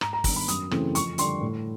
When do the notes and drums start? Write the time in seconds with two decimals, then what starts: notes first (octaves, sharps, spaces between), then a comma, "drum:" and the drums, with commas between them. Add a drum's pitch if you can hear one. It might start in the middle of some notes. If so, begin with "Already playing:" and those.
0.01 G#2 A#5, drum: rim click
0.13 A#5
0.24 D#3 G3 B3 D4 A#5, drum: kick, open hi-hat
0.36 B5
0.48 F#2 D#6, drum: hi-hat
0.71 C#3 E3 A3 C4, drum: rim click
0.95 F2 C#6, drum: hi-hat
1.18 D3 G3 C6, drum: hi-hat
1.41 A2